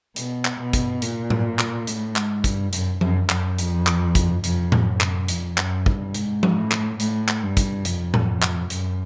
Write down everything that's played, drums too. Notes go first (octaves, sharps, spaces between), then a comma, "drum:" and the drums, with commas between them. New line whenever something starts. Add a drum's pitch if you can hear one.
B2, drum: hi-hat
drum: clap
B2
drum: kick, hi-hat
A#2, drum: hi-hat
drum: tom A2
drum: clap
A2, drum: hi-hat
G#2, drum: clap
G2, drum: kick, hi-hat
F#2, drum: hi-hat
F#2, drum: tom F3
F#2, drum: clap
F2, drum: hi-hat
drum: clap
drum: kick, hi-hat
F2, drum: hi-hat
drum: tom A2
F#2
drum: clap
F2, drum: hi-hat
F#2, drum: clap
G2, drum: kick
G#2, drum: hi-hat
drum: tom F3
A2
drum: clap
A2, drum: hi-hat
drum: clap
G2
drum: kick, hi-hat
F2, drum: hi-hat
drum: tom A2
drum: clap
F#2, drum: hi-hat